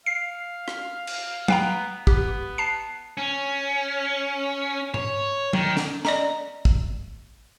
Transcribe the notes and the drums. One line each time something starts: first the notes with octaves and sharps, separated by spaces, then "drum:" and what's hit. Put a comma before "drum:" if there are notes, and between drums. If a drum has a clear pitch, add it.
F5 C7
drum: rim click
drum: cymbal
B3 F5 G5 A#5, drum: tom
B3 G4, drum: kick
A5 C7
C#4
C#5, drum: tom G#2
D#3, drum: tom
drum: snare
D5 D#5 A#5, drum: snare
drum: kick